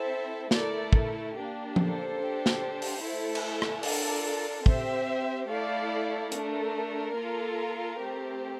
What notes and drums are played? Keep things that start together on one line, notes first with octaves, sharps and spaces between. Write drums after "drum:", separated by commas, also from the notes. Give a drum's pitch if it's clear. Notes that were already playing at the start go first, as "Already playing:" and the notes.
Already playing: C4 E4 A4 C5 E5
A3 E4 A4 A#4 D5, drum: snare
A#4, drum: kick
A#3 D4 G4
A4 C5, drum: tom F3
D4 G4
drum: snare
drum: open hi-hat
A3 E4 A4
drum: cymbal
drum: rim click
D4 F4 A4 A#4 D5, drum: open hi-hat
C4 G4 C5 E5, drum: kick
A3 E4 A4 D5 F5
A3 D4 A4 A#4, drum: hi-hat
A#3 F4 A4
A3 C4 G4